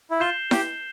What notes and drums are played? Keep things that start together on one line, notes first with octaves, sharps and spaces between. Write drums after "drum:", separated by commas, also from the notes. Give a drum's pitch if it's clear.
E4
F4 G6 C7 E7 G7
G4, drum: snare E4